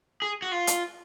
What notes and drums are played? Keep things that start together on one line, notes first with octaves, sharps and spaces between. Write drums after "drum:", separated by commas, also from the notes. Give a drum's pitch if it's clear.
G#4
F#4
F4
drum: hi-hat